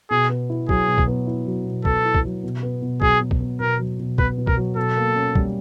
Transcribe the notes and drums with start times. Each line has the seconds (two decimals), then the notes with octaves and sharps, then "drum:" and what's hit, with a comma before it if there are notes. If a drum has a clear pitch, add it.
0.10 B2 G#4
0.30 B3
0.50 E4
0.69 F#3 G#4, drum: kick
0.88 B2
0.98 drum: kick
1.07 B3
1.27 E4
1.47 F#3
1.66 B2
1.85 B3 A4, drum: kick
2.05 E4
2.15 drum: kick
2.25 F#3
2.44 B2
2.63 B3
2.82 B2
3.02 F#3 G#4, drum: kick
3.21 B2
3.31 drum: kick
3.40 B3
3.60 B2 A#4
3.79 F#3
3.99 B2
4.18 B3 B4, drum: kick
4.38 B2
4.47 A#4, drum: kick
4.57 F#3
4.76 B2 A4
4.97 A#3
5.16 C#4
5.36 G3, drum: kick